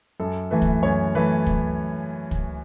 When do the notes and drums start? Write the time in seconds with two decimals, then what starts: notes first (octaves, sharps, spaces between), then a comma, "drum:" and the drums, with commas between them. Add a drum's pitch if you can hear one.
0.20 F#2 A4
0.51 E3 A3 B4
0.62 drum: kick
0.82 F#2 C#5
1.15 E3 A3 B4
1.46 drum: kick
2.31 drum: kick